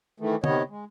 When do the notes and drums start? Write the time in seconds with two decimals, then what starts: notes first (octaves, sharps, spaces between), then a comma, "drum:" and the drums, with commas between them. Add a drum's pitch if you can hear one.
0.20 D#3 E3 A3
0.44 C3 D#3 B3 C#5 D#5, drum: tom D3
0.69 G#3